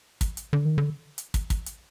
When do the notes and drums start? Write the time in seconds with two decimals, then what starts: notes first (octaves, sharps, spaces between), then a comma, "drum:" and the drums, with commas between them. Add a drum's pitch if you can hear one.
0.21 drum: kick, hi-hat
0.37 drum: hi-hat
0.53 D3
0.65 D#3
0.78 D3
1.18 drum: hi-hat
1.34 drum: kick, hi-hat
1.50 drum: kick, hi-hat
1.66 drum: hi-hat